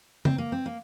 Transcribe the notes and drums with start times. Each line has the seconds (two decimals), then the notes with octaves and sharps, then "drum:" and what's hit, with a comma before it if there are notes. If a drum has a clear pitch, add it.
0.25 C4, drum: tom C#3
0.38 A#3
0.52 C4
0.66 A#3